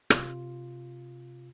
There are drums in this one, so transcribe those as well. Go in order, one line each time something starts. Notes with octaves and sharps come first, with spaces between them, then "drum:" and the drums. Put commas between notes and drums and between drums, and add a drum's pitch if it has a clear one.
C3 F4, drum: rim click